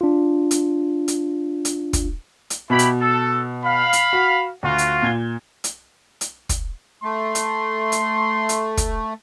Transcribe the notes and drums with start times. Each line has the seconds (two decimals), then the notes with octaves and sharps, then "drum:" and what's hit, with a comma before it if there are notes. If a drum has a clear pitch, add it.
0.01 D4 F4
0.51 drum: hi-hat
1.08 drum: hi-hat
1.65 drum: hi-hat
1.93 drum: kick, hi-hat
2.50 drum: hi-hat
2.70 B2 E4 G4 B5
2.79 drum: hi-hat
3.00 A4
3.64 F5 B5
3.93 drum: hi-hat
4.13 F#4
4.63 D2 F4 F#4
4.78 drum: hi-hat
5.02 A#2 G#6 G7
5.64 drum: hi-hat
6.21 drum: hi-hat
6.49 drum: kick, hi-hat
7.03 A3 C6
7.35 drum: hi-hat
7.92 drum: hi-hat
8.49 drum: hi-hat
8.77 drum: kick, hi-hat